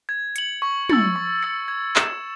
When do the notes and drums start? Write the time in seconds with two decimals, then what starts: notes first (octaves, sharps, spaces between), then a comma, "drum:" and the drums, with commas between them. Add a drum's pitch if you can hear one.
0.09 G#6
0.36 C#7 F#7, drum: hi-hat
0.62 C#6
0.90 E6 A6 C#7, drum: tom
1.16 C#6
1.43 E6 A6 C#7
1.68 G#6
1.96 C#7 E7, drum: clap